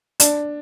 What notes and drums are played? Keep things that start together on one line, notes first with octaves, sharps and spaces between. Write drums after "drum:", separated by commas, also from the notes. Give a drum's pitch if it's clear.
D4, drum: hi-hat